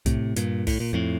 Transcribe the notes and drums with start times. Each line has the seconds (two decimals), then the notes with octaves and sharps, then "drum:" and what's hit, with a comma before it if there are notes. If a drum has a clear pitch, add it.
0.06 A2 C3, drum: kick, hi-hat
0.36 G2 A#2, drum: hi-hat
0.67 A2, drum: kick, open hi-hat
0.80 A#2
0.93 F2 A2